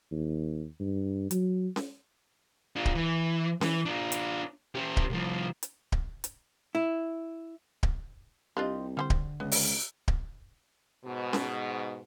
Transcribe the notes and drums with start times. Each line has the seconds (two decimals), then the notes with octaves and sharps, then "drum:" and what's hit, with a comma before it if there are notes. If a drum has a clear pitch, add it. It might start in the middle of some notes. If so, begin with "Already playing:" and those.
0.11 D#2
0.80 G2
1.31 F#3, drum: hi-hat
1.76 drum: snare C#4
2.76 D4 F4
2.85 drum: kick D1
2.95 E3
3.61 E3, drum: snare C#4
3.85 D4 F4
4.12 drum: hi-hat
4.75 C#4 G4
4.97 drum: kick D1
5.10 C2 F3
5.63 drum: hi-hat
5.92 drum: kick D1
6.24 drum: hi-hat
6.75 E4
7.83 drum: kick D1
8.57 C2 C4 D4 F4 G4 D#5
8.97 D3 G3 G4 C5
9.10 drum: kick D1
9.40 C#2 B3
9.52 drum: open hi-hat
10.08 drum: kick D1
11.05 G#2 B2
11.33 drum: snare C#4